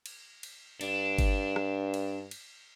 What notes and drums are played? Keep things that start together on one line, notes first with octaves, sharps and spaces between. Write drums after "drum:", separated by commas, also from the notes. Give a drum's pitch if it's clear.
drum: cymbal
drum: cymbal
G2 D4, drum: cymbal
drum: kick G1, cymbal
drum: rim click
drum: cymbal
drum: cymbal